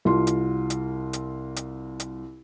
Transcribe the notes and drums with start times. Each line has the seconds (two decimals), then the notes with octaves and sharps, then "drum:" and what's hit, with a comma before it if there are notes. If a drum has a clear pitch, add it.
0.05 C2 F4 C6
0.27 drum: hi-hat
0.70 drum: hi-hat
1.13 drum: hi-hat
1.56 drum: hi-hat
2.00 drum: hi-hat